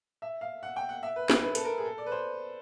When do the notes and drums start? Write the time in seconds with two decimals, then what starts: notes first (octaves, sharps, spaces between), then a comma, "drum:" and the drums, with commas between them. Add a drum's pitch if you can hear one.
0.22 E5
0.41 F5
0.63 F#5
0.76 G5
0.89 F#5
1.03 E5
1.16 B4
1.30 B4, drum: snare
1.43 B4
1.55 A4, drum: hi-hat
1.64 A#4
1.78 G#4
1.85 A4
1.98 D5
2.06 B4
2.12 C5